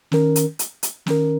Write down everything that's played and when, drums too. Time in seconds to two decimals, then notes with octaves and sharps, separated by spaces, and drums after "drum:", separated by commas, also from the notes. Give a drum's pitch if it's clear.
0.12 D#3 C#4 A#4, drum: snare
0.36 drum: hi-hat
0.59 drum: hi-hat
0.83 drum: hi-hat
1.06 D#3 C#4 A#4, drum: snare